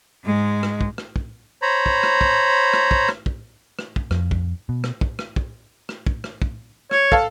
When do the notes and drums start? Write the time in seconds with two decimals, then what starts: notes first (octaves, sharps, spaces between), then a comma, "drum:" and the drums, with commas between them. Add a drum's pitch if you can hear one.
0.24 G#2 G#3
0.63 drum: rim click
0.81 drum: kick
0.98 drum: rim click
1.16 drum: kick
1.62 C5 C#5 A#5 B5
1.86 drum: kick
2.03 drum: rim click
2.21 drum: kick
2.73 drum: rim click
2.91 drum: kick
3.09 drum: rim click
3.26 drum: kick
3.79 drum: rim click
3.96 drum: kick
4.11 F2, drum: rim click
4.31 drum: kick
4.69 B2
4.84 drum: rim click
5.01 drum: kick
5.19 drum: rim click
5.36 drum: kick
5.89 drum: rim click
6.07 drum: kick
6.24 drum: rim click
6.42 drum: kick
6.91 C#5, drum: rim click
7.12 A4 F5 A5, drum: kick